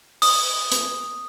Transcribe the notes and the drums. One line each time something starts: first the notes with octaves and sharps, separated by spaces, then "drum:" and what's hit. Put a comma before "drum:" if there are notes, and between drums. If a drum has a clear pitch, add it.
D#6, drum: open hi-hat
drum: hi-hat